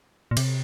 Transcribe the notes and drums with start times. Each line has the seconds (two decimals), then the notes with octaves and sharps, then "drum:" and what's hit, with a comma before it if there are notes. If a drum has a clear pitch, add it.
0.31 A#2
0.37 C3, drum: cymbal